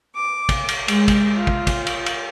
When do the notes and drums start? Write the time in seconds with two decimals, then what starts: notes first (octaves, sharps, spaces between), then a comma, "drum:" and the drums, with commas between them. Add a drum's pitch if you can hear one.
0.17 D6
0.49 drum: kick, cymbal
0.68 drum: cymbal
0.88 G#3, drum: cymbal
1.08 drum: kick, cymbal
1.35 F4
1.47 drum: kick
1.67 drum: kick, cymbal
1.87 drum: cymbal
2.06 drum: cymbal